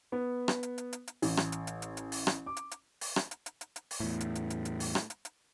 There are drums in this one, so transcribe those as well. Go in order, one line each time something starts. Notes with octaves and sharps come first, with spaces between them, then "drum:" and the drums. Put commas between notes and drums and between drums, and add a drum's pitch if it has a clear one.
B3
drum: rim click
drum: hi-hat
drum: hi-hat
drum: hi-hat
drum: hi-hat
A1, drum: open hi-hat
drum: rim click
drum: hi-hat
drum: hi-hat
drum: hi-hat
drum: hi-hat
drum: open hi-hat
drum: rim click
D6
drum: hi-hat
drum: hi-hat
drum: open hi-hat
drum: rim click
drum: hi-hat
drum: hi-hat
drum: hi-hat
drum: hi-hat
drum: open hi-hat
E2 A2
drum: hi-hat
drum: hi-hat
drum: hi-hat
drum: hi-hat
drum: open hi-hat
drum: rim click
drum: hi-hat
drum: hi-hat